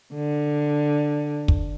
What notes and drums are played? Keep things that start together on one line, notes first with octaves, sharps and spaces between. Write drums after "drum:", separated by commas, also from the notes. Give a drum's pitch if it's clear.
D3
drum: kick